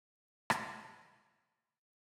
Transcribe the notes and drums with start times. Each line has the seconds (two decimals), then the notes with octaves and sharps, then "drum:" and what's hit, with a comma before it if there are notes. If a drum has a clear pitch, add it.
0.50 drum: rim click
0.90 A3
1.44 F3 C#4 A4 D5 D#5
1.76 E3 F3 E4